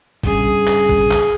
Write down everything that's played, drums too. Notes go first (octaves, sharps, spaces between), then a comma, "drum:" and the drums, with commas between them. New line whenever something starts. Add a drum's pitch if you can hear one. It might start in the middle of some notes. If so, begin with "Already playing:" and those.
G2 C#3 G#4, drum: kick G#1
drum: clap
drum: kick G#1
drum: clap